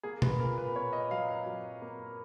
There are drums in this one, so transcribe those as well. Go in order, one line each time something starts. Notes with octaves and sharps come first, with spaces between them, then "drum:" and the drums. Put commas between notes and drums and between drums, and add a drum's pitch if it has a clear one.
A#3 G#4
B4, drum: tom B2
A#2 A#4
B4
A#2 C#5
D#5
F#3 F5
F5
F#3
A#3